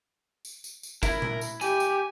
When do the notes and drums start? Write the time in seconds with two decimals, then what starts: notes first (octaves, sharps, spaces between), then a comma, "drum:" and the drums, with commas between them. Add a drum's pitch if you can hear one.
0.45 drum: tambourine
0.64 drum: tambourine
0.83 drum: tambourine
1.03 E4 A#4, drum: kick, tambourine
1.22 drum: tom A#2
1.41 drum: tambourine
1.61 G4 G#5, drum: tambourine
1.80 drum: tambourine